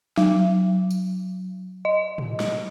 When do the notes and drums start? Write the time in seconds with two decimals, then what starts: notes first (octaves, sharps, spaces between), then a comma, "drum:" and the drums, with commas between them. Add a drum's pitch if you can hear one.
0.17 F#3, drum: snare
0.91 drum: tambourine
1.85 D#5
2.18 drum: tom A2
2.40 drum: snare